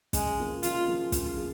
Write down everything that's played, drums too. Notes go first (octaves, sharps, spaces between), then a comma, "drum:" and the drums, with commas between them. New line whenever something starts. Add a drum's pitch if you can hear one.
C#3 G#3, drum: kick, hi-hat
F3 A#3 F4 G#4
C#3 F4, drum: hi-hat
F3 A#3 F4 G#4
C#3 F4, drum: kick, hi-hat
F3 A#3 F4 G#4